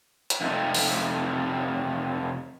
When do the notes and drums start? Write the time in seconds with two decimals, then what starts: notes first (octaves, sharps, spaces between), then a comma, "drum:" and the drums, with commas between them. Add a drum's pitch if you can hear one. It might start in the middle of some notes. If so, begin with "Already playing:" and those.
0.30 drum: hi-hat
0.41 F2 C3 A3 C4 D#4
0.74 drum: open hi-hat